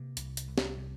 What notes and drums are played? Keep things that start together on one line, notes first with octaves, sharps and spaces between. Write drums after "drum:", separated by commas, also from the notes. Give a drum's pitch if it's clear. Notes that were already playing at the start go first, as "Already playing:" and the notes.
Already playing: C3 A#3
C2, drum: hi-hat
drum: hi-hat
C2
drum: snare G4
C3